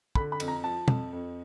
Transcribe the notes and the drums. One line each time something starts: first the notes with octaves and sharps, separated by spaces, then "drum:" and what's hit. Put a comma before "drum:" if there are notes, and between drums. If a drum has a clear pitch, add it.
D3 B5, drum: kick
B5
F2, drum: cymbal
A#5
F3 A5
F2, drum: tom
F2